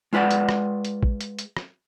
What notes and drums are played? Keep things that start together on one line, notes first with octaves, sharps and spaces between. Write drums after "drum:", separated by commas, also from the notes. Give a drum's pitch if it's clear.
G#3 F4 B4 D5 F#5
drum: hi-hat
drum: rim click
drum: hi-hat
drum: kick A1
drum: hi-hat
drum: hi-hat
drum: rim click